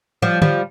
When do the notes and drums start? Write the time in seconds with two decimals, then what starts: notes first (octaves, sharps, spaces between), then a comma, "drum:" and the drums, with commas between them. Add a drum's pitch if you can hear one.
0.22 F3 G3
0.42 F3 G3, drum: tom D3